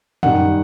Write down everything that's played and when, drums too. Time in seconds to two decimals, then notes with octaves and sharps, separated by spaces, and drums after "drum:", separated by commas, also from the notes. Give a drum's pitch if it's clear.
0.23 F#2 D#3 G3 F#5, drum: tom